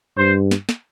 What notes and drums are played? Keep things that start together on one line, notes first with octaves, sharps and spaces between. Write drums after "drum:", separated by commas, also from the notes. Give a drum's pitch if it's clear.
G2 C5
drum: snare
drum: snare